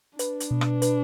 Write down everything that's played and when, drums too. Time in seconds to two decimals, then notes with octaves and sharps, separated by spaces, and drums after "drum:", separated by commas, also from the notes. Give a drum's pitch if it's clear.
0.19 D4 B4, drum: hi-hat
0.40 drum: hi-hat
0.51 B2
0.61 drum: rim click
0.82 B4, drum: hi-hat